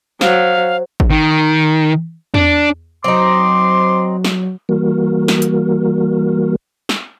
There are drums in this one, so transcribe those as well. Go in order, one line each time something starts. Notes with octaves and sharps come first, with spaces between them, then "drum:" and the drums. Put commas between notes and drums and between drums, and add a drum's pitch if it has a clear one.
F#3 C5 F5, drum: snare
drum: kick G#1
D#3
D4, drum: tom E2
F#3 C4 D#4 C6 D6
drum: snare
E3 G3 A#3 F#4 A#4
drum: snare
drum: hi-hat
drum: snare